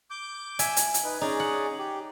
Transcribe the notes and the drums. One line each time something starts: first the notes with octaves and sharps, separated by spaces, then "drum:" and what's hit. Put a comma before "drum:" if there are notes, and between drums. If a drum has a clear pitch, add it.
D6 G6
E5 G#5, drum: hi-hat
drum: hi-hat
drum: hi-hat
D#4 B4
C#4 D#4 G#4 D5
F#5
G4